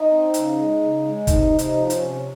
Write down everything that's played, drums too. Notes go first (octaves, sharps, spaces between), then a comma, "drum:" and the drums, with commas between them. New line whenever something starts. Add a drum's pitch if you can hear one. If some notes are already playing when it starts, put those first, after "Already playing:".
Already playing: D#4
C4
C#3, drum: hi-hat
G#3
C#3
G#3
C3 D#4, drum: kick, hi-hat
C3
D#4, drum: hi-hat
F3
D#4
C#4, drum: hi-hat
C3